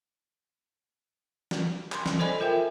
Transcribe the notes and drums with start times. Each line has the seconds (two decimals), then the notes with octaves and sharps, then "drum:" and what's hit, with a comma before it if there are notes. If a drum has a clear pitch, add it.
1.51 drum: snare
1.92 B5 C6, drum: clap
2.06 drum: snare
2.19 A4 C5 D5 D#5 G#5 B5
2.40 F4 A#4 E5 G5